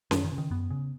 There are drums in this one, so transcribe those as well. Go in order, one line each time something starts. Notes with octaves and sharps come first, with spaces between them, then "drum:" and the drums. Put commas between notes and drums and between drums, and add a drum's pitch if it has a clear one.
F#2 D#3, drum: snare C#4
D#3
C#3
D#3
F#2 B3
C#3